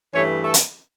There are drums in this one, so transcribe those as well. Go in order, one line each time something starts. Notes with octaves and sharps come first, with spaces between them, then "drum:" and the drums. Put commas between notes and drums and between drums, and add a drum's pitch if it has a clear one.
G2 E3 A3 C#4 C#5
A3 A4
drum: hi-hat